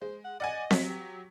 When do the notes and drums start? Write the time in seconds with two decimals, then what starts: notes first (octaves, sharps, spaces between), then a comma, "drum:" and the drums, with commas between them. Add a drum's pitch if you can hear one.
0.02 G#3 C5
0.24 F#5
0.40 D5 D#5 F#5 G#5
0.71 F#3 B6, drum: snare C4
0.89 G4